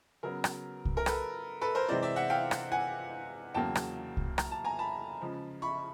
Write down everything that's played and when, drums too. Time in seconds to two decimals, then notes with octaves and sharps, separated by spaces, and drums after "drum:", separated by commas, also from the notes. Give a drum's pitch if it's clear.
0.23 C#3 F#3 B3 A#4
0.44 drum: rim click
0.85 drum: kick C2
0.97 A#4
1.06 A4 B4, drum: rim click
1.61 A4 B4
1.75 A#4 C5
1.88 C3 E3 G#3 C4 C5 D5
2.03 D5 E5
2.16 E5 F#5
2.30 F5 G5
2.51 drum: rim click
2.72 F#5 G#5
3.54 E2 C#3 F#3 A#3 G5 A5
3.75 drum: rim click
4.17 drum: kick C2
4.38 A#5, drum: rim click
4.51 A5
4.64 G#5 A#5
4.79 A5 B5
5.21 C#3 F3 G#3
5.62 B5 C#6